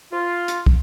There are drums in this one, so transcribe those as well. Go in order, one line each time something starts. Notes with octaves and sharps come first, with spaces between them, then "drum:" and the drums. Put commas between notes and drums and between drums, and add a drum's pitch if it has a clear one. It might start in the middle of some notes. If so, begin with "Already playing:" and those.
F4
drum: hi-hat
drum: kick